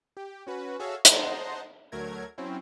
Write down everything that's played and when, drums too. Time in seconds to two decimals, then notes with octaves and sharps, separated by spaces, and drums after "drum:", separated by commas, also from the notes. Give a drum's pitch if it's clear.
0.17 G4
0.47 C#4 F#4 B4
0.79 F#4 G#4 A4 C#5 E5 F5
1.05 C5 D#5 F#5 A5 A#5 C6, drum: hi-hat
1.92 D2 F#3 A3 A#4 G#6
2.38 F#3 C4 C#4 E4